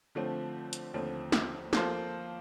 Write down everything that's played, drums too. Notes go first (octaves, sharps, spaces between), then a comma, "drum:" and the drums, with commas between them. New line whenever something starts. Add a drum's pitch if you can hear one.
D3 F3 A3 C4
drum: hi-hat
D#2 D3 F3 A3 C4
drum: snare
F3 A#3 F4 A4 C5, drum: snare